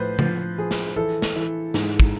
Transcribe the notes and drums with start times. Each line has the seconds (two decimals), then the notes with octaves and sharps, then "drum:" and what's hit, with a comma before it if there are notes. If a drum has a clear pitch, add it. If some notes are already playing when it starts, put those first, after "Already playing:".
Already playing: A2 F3 B4 C5
0.19 F3, drum: tom C#3
0.58 F3 G#4
0.71 drum: snare
0.96 E3 A4
1.22 drum: snare
1.36 E3
1.74 G#2, drum: snare
2.00 drum: kick